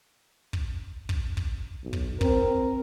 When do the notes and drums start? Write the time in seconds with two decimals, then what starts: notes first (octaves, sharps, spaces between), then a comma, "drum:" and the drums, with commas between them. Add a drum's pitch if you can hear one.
0.53 drum: kick
1.09 drum: kick
1.37 drum: kick
1.84 B1
1.93 drum: kick
2.21 C4 A#4, drum: kick